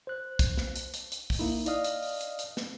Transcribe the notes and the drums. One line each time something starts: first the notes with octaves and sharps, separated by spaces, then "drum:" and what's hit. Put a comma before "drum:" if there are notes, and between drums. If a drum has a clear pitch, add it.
C5 F#6
drum: kick B1, hi-hat
drum: snare
drum: hi-hat
drum: hi-hat
drum: hi-hat
drum: kick B1, open hi-hat
A#3 D#4 E4
D5 D#5 F5 D#6 F6, drum: hi-hat
drum: hi-hat
drum: open hi-hat
drum: hi-hat
drum: hi-hat
drum: snare